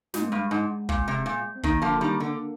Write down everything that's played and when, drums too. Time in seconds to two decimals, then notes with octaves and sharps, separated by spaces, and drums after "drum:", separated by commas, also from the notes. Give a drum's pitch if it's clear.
0.14 G#2 G#3, drum: snare
0.22 A#3
0.29 G2 G#3
0.51 G#2
0.89 A#2, drum: kick
1.08 C3
1.26 A#2
1.55 C4
1.63 D#3 A#3, drum: kick
1.82 D3 F3
2.01 D#3 G3
2.20 D3